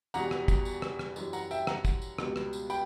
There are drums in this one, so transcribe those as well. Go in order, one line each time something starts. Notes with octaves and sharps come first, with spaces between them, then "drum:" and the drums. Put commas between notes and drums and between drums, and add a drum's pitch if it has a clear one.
E2 B2 G3 F#5 A#5, drum: tambourine
drum: rim click
drum: kick, tambourine
drum: tambourine
drum: rim click
drum: rim click
F#2 E3 G3, drum: tambourine
F#5 A#5, drum: tambourine
E5 G5, drum: tambourine
F#5 A#5, drum: rim click
drum: kick, tambourine
drum: tambourine
C#2 B2 G3, drum: rim click
drum: rim click
drum: tambourine
G5 B5, drum: tambourine